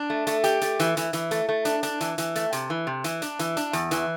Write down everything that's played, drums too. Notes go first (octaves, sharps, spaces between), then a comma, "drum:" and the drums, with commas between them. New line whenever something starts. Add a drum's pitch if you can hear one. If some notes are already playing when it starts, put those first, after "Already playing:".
Already playing: D4
A3
A3, drum: hi-hat
G4, drum: hi-hat
A3, drum: hi-hat
E3, drum: hi-hat
E3, drum: hi-hat
E3, drum: hi-hat
A3, drum: hi-hat
A3
D4, drum: hi-hat
D4, drum: hi-hat
E3, drum: hi-hat
E3, drum: hi-hat
A3, drum: hi-hat
C3, drum: hi-hat
E3
C3
E3, drum: hi-hat
D4, drum: hi-hat
E3, drum: hi-hat
D4, drum: hi-hat
E2, drum: hi-hat
E3, drum: hi-hat